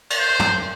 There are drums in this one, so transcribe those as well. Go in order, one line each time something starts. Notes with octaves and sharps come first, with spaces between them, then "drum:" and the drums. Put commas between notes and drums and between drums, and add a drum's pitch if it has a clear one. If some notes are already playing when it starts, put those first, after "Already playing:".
drum: cymbal
C5
drum: tom